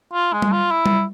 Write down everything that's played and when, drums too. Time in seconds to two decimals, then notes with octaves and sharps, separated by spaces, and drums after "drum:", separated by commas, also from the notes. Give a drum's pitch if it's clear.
0.14 F4
0.33 G#3
0.42 drum: tom G3
0.52 F4
0.71 E4
0.86 drum: tom G3